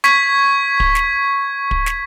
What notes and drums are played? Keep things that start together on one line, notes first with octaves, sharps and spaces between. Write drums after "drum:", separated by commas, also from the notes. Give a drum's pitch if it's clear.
C#6 G#6 B6, drum: snare
drum: kick
drum: snare
drum: kick
drum: snare